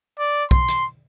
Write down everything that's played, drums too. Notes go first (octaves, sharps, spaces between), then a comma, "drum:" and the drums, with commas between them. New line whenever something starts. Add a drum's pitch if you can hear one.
D5
C6, drum: kick B1
drum: hi-hat